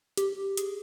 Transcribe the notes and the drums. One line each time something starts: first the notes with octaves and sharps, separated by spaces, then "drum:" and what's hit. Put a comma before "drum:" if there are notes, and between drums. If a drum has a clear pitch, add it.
G4, drum: hi-hat
G#4, drum: hi-hat